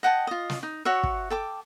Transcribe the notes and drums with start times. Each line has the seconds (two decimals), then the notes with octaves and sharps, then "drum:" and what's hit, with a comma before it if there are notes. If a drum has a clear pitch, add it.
0.03 D#5 F#5 G5 A5
0.27 F4 D#5
0.50 drum: snare
0.63 D#4
0.85 F#4 C#5 E5
1.03 drum: kick
1.30 A4 G5 D6